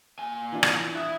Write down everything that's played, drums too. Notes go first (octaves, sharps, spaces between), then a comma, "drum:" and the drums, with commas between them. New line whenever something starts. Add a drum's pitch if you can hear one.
A#2 G#5
E3 D4 F4
drum: rim click
E4 D#6 F#6